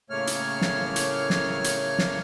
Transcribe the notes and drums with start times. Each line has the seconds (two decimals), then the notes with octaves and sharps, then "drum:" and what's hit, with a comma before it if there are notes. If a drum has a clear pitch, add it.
0.10 A2 C#3 A3 A#3 C#5 F6
0.27 drum: hi-hat
0.61 drum: snare
0.96 drum: hi-hat
1.30 drum: snare
1.64 drum: hi-hat
1.99 drum: snare